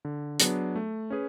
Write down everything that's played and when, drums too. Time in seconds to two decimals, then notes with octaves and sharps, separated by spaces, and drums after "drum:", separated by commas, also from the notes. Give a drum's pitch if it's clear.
0.05 D3
0.40 F#3 B3 D4 G#4, drum: hi-hat
0.75 A3
1.10 C#4 G#4 B4